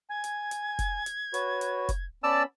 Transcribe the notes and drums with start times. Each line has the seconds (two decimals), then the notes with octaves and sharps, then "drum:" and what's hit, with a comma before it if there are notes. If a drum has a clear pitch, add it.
0.10 G#5 G#6
0.24 drum: hi-hat
0.51 drum: hi-hat
0.79 drum: kick F1, hi-hat
1.06 drum: hi-hat
1.34 F#4 B4 C#5, drum: hi-hat
1.61 drum: hi-hat
1.89 drum: kick F1, hi-hat
2.24 B3 C#4 D5 A5 B5 E6